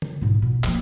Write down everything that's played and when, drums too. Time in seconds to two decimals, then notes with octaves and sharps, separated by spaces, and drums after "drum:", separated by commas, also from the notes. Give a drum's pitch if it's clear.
0.02 drum: tom D3
0.21 G#2 B2
0.42 B2
0.64 F3 A#3, drum: clap